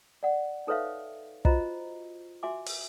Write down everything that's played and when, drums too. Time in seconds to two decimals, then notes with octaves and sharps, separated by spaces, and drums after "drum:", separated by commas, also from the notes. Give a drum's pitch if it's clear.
0.23 D5 F#5
0.67 D#4 A4 B4 C#5 E5 F5
1.45 F4 F#4 C5 D#5 A#5, drum: kick
2.43 F#4 E5 G#5 C6 D6
2.66 drum: open hi-hat